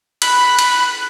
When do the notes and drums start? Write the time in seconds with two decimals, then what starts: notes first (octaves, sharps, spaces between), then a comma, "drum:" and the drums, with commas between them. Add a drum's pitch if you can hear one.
0.22 B5 F#6, drum: cymbal
0.59 drum: cymbal